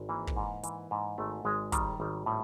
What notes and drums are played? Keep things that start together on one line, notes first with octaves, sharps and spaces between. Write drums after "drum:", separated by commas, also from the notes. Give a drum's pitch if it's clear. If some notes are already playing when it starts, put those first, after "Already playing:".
Already playing: G#1
E3 A#3
drum: kick
G#2
E3, drum: hi-hat
G#2
G#1 A3
G#1 G#3
D#3 G3, drum: kick, hi-hat
G#1
A2